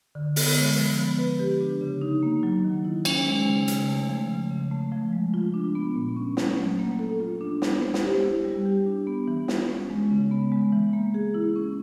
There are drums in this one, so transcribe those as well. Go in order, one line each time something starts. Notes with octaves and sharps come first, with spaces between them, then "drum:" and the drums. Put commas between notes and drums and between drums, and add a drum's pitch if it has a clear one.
D3
B3, drum: open hi-hat
G#3
F3
B3
B4
G4
D4
C#3
D#4
A#3
F#3
D#3
E4
C#4, drum: cymbal
G#3
C#3
C#3, drum: hi-hat
A3
F3
C#3
C#3
A3
F3
G#3
F4
D4
B3
A#2
C#4
A3, drum: snare
F#3
A#3
A4
F4
D4
B3, drum: snare
C5
drum: snare
G4
E4
G3
G4
D4
B3
E3
F4, drum: snare
C#4
G#3
C#3
B3
G#3
E3
A#3
G#4
E4
C#4